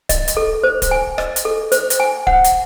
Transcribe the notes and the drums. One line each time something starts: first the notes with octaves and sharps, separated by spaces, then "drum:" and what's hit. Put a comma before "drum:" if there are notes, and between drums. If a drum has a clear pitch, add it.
D#5, drum: kick D1, hi-hat
drum: hi-hat
A4
C5
drum: kick D1, hi-hat
G#5
D#5, drum: rim click
drum: hi-hat
A4
C5, drum: hi-hat
drum: hi-hat
G#5
F#5, drum: kick D1
drum: hi-hat